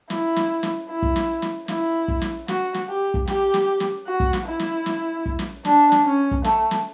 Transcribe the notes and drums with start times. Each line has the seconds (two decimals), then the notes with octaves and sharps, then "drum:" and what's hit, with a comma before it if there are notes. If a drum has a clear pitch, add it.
0.10 E4, drum: snare
0.36 drum: snare
0.63 drum: snare
0.90 E4
1.02 drum: kick
1.16 drum: snare
1.42 drum: snare
1.68 E4, drum: snare
2.08 drum: kick
2.21 drum: snare
2.48 F#4, drum: snare
2.74 drum: snare
2.88 G4
3.14 drum: kick
3.27 G4, drum: snare
3.54 drum: snare
3.80 drum: snare
4.07 F#4
4.20 drum: kick
4.33 drum: snare
4.46 E4
4.59 drum: snare
4.86 drum: snare
5.26 drum: kick
5.39 drum: snare
5.65 D4, drum: snare
5.92 drum: snare
6.05 C#4
6.31 drum: kick
6.44 A3, drum: snare
6.71 drum: snare